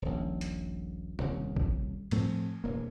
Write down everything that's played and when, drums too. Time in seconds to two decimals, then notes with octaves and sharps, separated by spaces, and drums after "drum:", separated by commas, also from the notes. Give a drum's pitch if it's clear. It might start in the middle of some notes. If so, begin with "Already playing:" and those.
0.02 D#1 A#1
0.41 drum: hi-hat
1.19 D#1 C2, drum: tom C3
1.56 drum: kick A#1
2.11 A2 F3 A3 C4, drum: cymbal
2.64 E1 G2 A#3